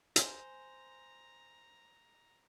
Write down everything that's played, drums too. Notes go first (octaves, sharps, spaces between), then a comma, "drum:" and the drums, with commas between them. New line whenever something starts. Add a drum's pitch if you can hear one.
C5 G#5 A#5, drum: hi-hat